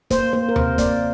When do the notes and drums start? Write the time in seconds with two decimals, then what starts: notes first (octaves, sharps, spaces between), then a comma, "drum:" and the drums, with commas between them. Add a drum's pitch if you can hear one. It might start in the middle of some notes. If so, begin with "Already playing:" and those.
0.10 A#3 C5, drum: kick, hi-hat
0.33 A#3 C5
0.49 A#4
0.56 C3 C5, drum: tom D#2
0.78 A#3 D5, drum: kick, hi-hat